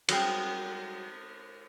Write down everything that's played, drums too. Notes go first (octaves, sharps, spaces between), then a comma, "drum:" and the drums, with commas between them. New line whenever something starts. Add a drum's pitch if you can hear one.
F#3 G3 G#4 G5, drum: cymbal